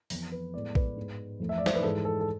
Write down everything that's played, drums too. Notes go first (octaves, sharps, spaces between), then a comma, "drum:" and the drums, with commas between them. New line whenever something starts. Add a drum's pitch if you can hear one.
F2 E3 B3, drum: open hi-hat
B4
A2 G#3 B3 D5
B4, drum: kick A#1
G#2 G#3 B3
F2 E3 A3
E5
D5
C5, drum: snare
B4
G#2 E3 G#3 A4
A4
A4